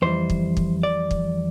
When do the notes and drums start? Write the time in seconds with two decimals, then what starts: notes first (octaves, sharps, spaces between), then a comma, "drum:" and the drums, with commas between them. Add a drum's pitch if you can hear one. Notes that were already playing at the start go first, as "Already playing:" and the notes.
0.02 F2 E3 G3 C5
0.30 drum: kick
0.57 drum: kick
0.83 D5
1.11 drum: kick